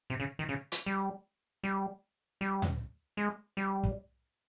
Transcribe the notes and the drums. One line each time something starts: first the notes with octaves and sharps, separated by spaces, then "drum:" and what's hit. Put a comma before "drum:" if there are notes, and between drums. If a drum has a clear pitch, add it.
C3
C#3
D#3
C#3
drum: hi-hat
G3
G3
G3
drum: tom D2
G#3
G3
drum: kick